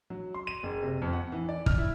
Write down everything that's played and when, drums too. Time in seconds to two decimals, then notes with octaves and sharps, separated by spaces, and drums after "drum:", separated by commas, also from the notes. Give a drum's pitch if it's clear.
0.10 F#3
0.34 C6
0.47 D#7
0.63 F#1
0.83 C3
1.02 F2
1.13 F#5
1.32 E3
1.49 D5
1.66 F6, drum: kick
1.78 E4